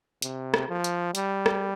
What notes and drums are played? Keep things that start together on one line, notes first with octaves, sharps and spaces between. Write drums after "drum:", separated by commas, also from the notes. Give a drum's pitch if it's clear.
C3, drum: hi-hat
drum: rim click
F3
drum: hi-hat
G3, drum: hi-hat
drum: rim click